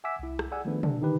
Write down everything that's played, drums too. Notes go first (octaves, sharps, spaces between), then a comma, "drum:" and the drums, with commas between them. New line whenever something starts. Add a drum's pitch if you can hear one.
E5 F#5 G#5 D6 E6 B6
C2 E4
drum: rim click
G#4 D5 F#5 G#5 E6
D#3 F3 A3 B3 D4 B4
D4, drum: tom
D3 D#3 D#4 G4 B4